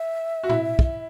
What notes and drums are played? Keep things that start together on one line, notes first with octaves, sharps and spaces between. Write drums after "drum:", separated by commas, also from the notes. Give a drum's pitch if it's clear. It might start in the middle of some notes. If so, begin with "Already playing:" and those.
Already playing: E5
F#4
E4, drum: tom A2
drum: kick